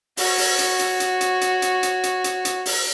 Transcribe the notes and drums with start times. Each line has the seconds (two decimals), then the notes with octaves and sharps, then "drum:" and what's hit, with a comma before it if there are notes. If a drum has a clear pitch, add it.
0.17 F#4 C#5, drum: open hi-hat
0.38 drum: open hi-hat
0.59 drum: hi-hat
0.79 drum: hi-hat
1.00 drum: hi-hat
1.21 drum: hi-hat
1.41 drum: hi-hat
1.62 drum: hi-hat
1.83 drum: hi-hat
2.03 drum: hi-hat
2.24 drum: hi-hat
2.45 drum: hi-hat
2.66 drum: open hi-hat